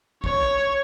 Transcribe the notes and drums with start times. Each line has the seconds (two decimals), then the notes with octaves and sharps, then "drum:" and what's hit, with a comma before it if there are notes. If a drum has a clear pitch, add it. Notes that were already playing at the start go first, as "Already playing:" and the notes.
0.24 C#5, drum: kick